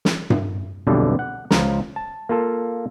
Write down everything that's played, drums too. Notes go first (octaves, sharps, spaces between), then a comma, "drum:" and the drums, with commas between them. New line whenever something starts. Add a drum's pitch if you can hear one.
drum: snare
drum: tom G2
B1 F2 B2 D3 E3 G3
F#5
C#2 F3 A#5, drum: snare
A5
A#3 F4 A4